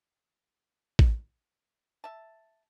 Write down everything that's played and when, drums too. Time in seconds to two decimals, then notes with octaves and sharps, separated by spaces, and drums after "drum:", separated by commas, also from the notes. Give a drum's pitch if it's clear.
0.99 drum: kick A1
2.04 E5 A5